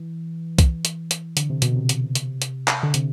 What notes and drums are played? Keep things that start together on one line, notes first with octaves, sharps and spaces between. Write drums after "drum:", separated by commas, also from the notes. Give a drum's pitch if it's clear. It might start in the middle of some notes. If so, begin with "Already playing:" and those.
Already playing: E3
drum: kick C2, hi-hat
drum: hi-hat
drum: hi-hat
D3, drum: hi-hat
C3
B2, drum: hi-hat
C3
drum: hi-hat
drum: hi-hat
drum: hi-hat
drum: clap
D3
C3, drum: hi-hat